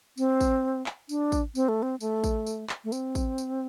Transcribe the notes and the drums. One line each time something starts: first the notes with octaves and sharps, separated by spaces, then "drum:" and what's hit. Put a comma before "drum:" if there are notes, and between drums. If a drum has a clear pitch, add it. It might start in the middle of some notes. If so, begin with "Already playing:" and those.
C4, drum: tambourine
drum: kick, tambourine
drum: clap
D4, drum: tambourine
drum: kick, tambourine
C4, drum: tambourine
A3
C4
A3, drum: tambourine
drum: kick, tambourine
drum: tambourine
drum: clap
A3
C4, drum: tambourine
drum: kick, tambourine
drum: tambourine